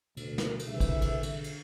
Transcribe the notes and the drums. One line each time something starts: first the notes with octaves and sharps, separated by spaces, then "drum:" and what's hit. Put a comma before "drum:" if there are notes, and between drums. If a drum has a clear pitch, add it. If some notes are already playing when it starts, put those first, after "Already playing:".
D2 B2, drum: cymbal
drum: snare
drum: cymbal
C2 D3 E3 E5
drum: kick, cymbal
drum: kick, cymbal
drum: cymbal
drum: cymbal